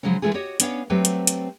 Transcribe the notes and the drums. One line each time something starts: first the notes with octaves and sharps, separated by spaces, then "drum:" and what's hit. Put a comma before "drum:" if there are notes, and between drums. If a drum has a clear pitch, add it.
C#3 F3 F#3 G#3 C#4
E3 F#3 G#3 A3 F4 G#4
F#4 G4 C#5 D#5
B3 C#4 D4 C#5 D#5 F5, drum: hi-hat
F#3 A3 C4 F#4 G4 B4
drum: hi-hat
drum: hi-hat